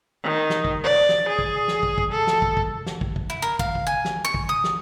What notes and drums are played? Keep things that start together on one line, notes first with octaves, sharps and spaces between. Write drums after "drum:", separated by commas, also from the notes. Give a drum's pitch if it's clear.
D#3
drum: snare
drum: kick
D5
drum: snare
G#4
drum: kick
drum: snare
drum: kick
drum: kick
A4
drum: snare
drum: kick
drum: kick
drum: snare
drum: kick
drum: kick
E4
A#4
F5, drum: kick
drum: kick
G#5
drum: snare
C#6
drum: kick
D#6
drum: snare